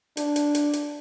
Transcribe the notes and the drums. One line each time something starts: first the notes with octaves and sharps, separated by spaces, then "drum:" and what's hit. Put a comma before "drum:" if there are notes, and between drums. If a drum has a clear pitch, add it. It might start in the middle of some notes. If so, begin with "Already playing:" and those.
D4, drum: hi-hat
drum: hi-hat
drum: hi-hat
drum: hi-hat